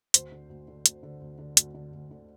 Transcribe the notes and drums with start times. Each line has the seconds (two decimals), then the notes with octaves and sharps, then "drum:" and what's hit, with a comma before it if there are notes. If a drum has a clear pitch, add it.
0.14 D2 C5, drum: hi-hat
0.32 D3
0.49 D2
0.68 D3
0.86 D2, drum: hi-hat
1.03 D3
1.21 D2
1.39 D3
1.57 D2, drum: hi-hat
1.74 D3
1.93 D2
2.11 D3